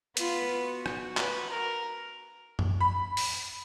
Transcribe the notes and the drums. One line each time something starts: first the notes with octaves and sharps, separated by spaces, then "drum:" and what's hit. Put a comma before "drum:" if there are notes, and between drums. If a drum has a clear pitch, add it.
B3 F4 B4, drum: hi-hat
F#4
drum: rim click
B4, drum: clap
A#4
drum: tom F#2
B5
drum: open hi-hat